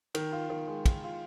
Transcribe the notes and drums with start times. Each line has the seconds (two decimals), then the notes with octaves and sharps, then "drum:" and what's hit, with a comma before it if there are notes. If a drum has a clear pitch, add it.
0.15 D#3, drum: cymbal
0.32 F4
0.50 D#3
0.68 G#3
0.86 D#3, drum: kick, cymbal
1.04 F4